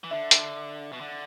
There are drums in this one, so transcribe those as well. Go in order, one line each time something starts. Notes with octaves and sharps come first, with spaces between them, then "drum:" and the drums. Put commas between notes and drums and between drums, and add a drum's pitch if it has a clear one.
E3
D3 E5
drum: hi-hat
B2
D3